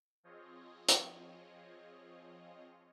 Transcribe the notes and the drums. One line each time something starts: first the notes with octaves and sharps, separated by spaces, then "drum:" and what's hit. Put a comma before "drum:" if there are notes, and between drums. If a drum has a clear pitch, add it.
F3 C4 F4 G#4 C#5 D#5
drum: hi-hat